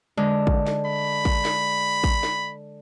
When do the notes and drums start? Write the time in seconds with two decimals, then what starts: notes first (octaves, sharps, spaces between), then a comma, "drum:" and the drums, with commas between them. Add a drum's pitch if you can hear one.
0.17 D3 G#3
0.47 drum: kick A1
0.67 drum: snare
0.86 B5
1.25 drum: kick A1
1.45 drum: snare
2.04 drum: kick A1
2.23 drum: snare